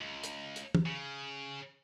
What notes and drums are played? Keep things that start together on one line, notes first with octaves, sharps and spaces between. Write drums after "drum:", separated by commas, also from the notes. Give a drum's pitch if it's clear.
C#2
drum: hi-hat
drum: hi-hat
drum: tom
C#3